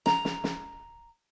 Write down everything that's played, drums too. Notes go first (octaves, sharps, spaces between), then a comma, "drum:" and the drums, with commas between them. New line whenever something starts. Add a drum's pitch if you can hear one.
A#5, drum: snare
drum: snare
drum: snare